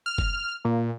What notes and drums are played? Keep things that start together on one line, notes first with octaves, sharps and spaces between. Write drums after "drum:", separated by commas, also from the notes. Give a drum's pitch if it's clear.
F6
drum: kick F#1
A#2